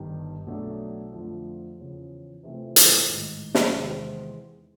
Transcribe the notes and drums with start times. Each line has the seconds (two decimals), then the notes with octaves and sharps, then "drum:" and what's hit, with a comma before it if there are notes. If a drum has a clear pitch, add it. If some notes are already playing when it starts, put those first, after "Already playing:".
Already playing: G1 G2 D#3 G3
0.47 B1 B2 F#3 A3 D4
1.12 F2 D3 F3 A3 D4
1.78 E2 C#3 F3
2.43 C3 E3 A3 C4 F4
2.76 drum: hi-hat
3.09 A1 G#2 D#3
3.55 drum: snare
3.74 E2 C3 D#3 G#3 C4